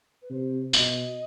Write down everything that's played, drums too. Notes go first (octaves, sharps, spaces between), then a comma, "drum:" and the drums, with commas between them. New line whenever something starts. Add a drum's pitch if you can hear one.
B4
C3 C5
B2 D#5, drum: tambourine